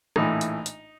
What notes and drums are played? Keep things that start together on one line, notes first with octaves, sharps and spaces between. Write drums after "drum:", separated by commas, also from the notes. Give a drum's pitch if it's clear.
A#1 A2 E3 D#4, drum: rim click
drum: hi-hat
drum: hi-hat